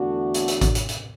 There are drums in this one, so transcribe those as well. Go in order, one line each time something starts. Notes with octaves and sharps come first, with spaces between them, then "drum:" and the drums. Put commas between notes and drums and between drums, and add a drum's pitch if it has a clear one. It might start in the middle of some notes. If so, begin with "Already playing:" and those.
Already playing: E2 D3 A3 D4 F#4
drum: hi-hat
drum: hi-hat
drum: kick A1, hi-hat
drum: hi-hat
drum: hi-hat